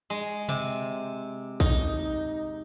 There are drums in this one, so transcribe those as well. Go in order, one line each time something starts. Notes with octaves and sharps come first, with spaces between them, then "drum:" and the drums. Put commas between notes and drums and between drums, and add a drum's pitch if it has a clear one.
G#3
C3, drum: tom C3
D#4, drum: kick